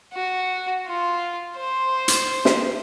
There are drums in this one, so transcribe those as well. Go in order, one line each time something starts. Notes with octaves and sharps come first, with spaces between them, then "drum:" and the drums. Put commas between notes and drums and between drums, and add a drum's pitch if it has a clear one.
F#4
F4
C5
drum: hi-hat
drum: snare